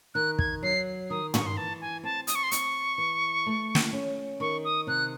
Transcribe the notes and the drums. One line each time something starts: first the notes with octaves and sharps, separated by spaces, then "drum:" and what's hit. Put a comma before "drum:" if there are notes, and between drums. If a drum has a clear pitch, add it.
D#3 F#6
G#6, drum: kick
F#3 C7
D#3 D#6
C#6, drum: tom
C6
E3 A5
G#5
C4 A5
D#6, drum: hi-hat
C#6
C6
C4 C#6, drum: hi-hat
E3
A3
drum: snare
C#4
D#3 C#6
D#6
C3 F#6